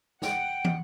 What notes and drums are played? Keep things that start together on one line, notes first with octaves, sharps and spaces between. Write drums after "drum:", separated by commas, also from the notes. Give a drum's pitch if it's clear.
F#5 G5, drum: snare
drum: tom